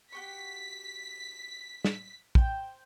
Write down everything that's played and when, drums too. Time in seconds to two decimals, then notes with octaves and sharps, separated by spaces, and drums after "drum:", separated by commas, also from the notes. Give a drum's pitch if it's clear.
0.12 F#4 G4 C#6 B6
1.85 drum: snare
2.35 C5 G5, drum: kick